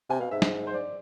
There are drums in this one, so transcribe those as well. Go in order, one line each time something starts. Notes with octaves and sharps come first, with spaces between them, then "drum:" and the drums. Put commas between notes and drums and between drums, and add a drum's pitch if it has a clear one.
C3 G#5
B2 F5
G#2 E5
drum: snare
C5
D5